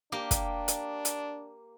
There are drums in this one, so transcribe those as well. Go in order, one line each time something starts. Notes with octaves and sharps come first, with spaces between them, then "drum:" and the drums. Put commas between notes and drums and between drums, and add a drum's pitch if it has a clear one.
A#3 D4 G4
drum: kick, hi-hat
drum: hi-hat
drum: hi-hat